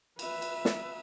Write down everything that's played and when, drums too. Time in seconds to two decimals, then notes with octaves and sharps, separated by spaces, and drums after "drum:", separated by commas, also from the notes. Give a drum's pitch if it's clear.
0.19 B4 E5, drum: cymbal
0.42 drum: cymbal
0.65 drum: snare